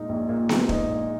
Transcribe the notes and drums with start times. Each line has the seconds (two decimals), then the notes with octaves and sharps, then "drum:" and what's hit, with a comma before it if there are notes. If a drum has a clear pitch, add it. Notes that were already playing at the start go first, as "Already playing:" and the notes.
Already playing: A#2 G#3 D#4
0.09 A#1
0.29 A#2
0.49 G#3, drum: snare B3
0.69 D#4, drum: kick
0.89 A#1